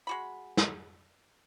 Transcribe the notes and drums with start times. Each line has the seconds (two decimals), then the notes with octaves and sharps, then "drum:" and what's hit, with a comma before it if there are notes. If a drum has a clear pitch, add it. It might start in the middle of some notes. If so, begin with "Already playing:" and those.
0.07 G#3 F#4 B5
0.57 drum: snare